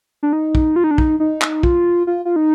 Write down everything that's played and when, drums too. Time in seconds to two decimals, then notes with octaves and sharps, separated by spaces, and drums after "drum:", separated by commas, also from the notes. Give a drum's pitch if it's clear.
0.23 D4
0.33 D#4
0.55 drum: kick
0.76 F4
0.84 D#4
0.91 D4
0.98 D#4, drum: kick
1.20 D#4
1.42 drum: clap
1.63 F4, drum: kick
2.07 F4
2.25 F4
2.36 D#4